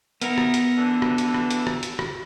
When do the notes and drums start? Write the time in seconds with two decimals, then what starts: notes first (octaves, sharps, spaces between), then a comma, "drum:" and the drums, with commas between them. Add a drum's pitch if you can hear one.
0.22 B3 D#4 E4 A#4, drum: hi-hat
0.38 drum: rim click
0.54 drum: hi-hat
0.78 D3 E3
1.02 drum: rim click
1.18 drum: hi-hat
1.34 drum: rim click
1.51 drum: hi-hat
1.67 drum: rim click
1.83 drum: hi-hat
1.99 drum: rim click